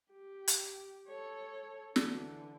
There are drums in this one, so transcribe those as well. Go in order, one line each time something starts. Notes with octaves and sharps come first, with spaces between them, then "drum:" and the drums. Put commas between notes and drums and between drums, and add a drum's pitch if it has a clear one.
G4
drum: hi-hat
A4 C#5
D3 E3, drum: snare